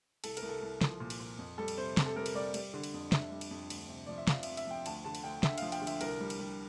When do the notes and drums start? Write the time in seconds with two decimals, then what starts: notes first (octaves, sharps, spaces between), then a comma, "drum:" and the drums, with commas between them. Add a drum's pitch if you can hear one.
0.24 C2 A4, drum: cymbal
0.37 A#4, drum: cymbal
0.42 C2
0.49 A4
0.62 C2
0.81 F3, drum: snare
1.00 A#2
1.10 drum: cymbal
1.20 A#2
1.38 F2
1.58 G3 A4
1.68 drum: cymbal
1.77 C3 C5
1.97 C3, drum: snare
2.06 A4
2.16 G3 A#4
2.26 drum: cymbal
2.35 G3 D5
2.54 G3, drum: cymbal
2.74 D3
2.83 drum: cymbal
2.94 F2
3.12 F2 E5, drum: snare
3.31 G3
3.41 drum: cymbal
3.51 F2
3.70 D2, drum: cymbal
3.89 C3
4.06 F3 D5
4.18 E5
4.27 F3 F5, drum: snare
4.43 E5, drum: cymbal
4.47 C3
4.57 E5, drum: cymbal
4.67 F3 G5
4.86 D2 A5, drum: cymbal
5.04 D3 A5
5.15 drum: cymbal
5.24 D2 G5
5.43 D3 E5, drum: snare
5.58 F5, drum: cymbal
5.62 F3
5.72 G5, drum: cymbal
5.82 D3
5.87 E5, drum: cymbal
6.01 C2 A#4, drum: cymbal
6.20 G3
6.30 drum: cymbal
6.40 G3